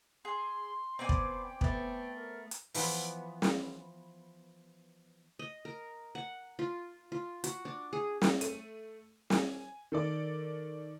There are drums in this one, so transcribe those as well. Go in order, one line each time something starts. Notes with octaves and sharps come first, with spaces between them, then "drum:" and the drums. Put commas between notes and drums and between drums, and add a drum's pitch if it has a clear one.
G#4 C6
B3 C4 C5 D5 G#5
drum: kick
G5
A3 B3, drum: kick
A#4
drum: hi-hat
E3 F3 B3, drum: open hi-hat
drum: snare
D#5
A#4
F#5
F4
F4
F#4, drum: hi-hat
D4
G#4
drum: snare
A3 D#7, drum: hi-hat
G#5, drum: snare
D#3 A4 D5